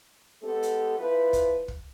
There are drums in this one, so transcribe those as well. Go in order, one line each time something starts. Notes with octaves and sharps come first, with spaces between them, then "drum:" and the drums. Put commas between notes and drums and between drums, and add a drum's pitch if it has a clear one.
G#3 B3 G4 A4
drum: hi-hat
F3 E4 B4
drum: kick, hi-hat
drum: kick